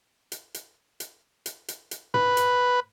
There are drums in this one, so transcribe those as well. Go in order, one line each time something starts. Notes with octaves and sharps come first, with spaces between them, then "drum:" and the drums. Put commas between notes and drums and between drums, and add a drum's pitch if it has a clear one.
drum: hi-hat
drum: hi-hat
drum: hi-hat
drum: hi-hat
drum: hi-hat
drum: hi-hat
B4, drum: tom
drum: hi-hat